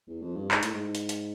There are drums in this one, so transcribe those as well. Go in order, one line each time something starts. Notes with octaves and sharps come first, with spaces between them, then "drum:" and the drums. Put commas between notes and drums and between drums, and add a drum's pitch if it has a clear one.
E2
F2
G2
G#2, drum: clap
A2, drum: hi-hat
G#2
drum: hi-hat
drum: hi-hat